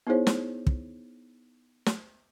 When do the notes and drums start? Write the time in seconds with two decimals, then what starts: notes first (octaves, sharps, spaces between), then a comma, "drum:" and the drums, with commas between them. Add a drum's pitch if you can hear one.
0.07 B3 D#4 E4 G#4 C5 C#5
0.27 drum: snare
0.67 drum: kick
1.86 drum: snare